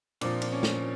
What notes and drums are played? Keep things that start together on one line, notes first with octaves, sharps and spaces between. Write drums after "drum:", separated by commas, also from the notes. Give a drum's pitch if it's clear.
A#2 F3 C4 D4, drum: cymbal
D4, drum: cymbal
C#4
drum: snare